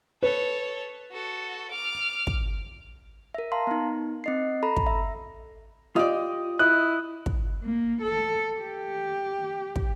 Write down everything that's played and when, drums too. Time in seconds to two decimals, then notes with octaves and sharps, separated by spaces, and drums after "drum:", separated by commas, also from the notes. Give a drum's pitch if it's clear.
0.23 A4 B4 C#5
1.12 F#4 A4
1.71 D6 F6
2.27 drum: kick
3.34 A#4 E5
3.52 F5 A5 A#5 C6
3.67 B3 D#4
4.24 C4 D#5 C7
4.63 A4 A#5 B5
4.76 drum: kick
4.86 E5
5.96 F4 G4 D5 D#5
6.59 E4 D#5 F#6
7.26 drum: kick
7.64 A#3
8.02 A4
8.60 G4
9.76 drum: kick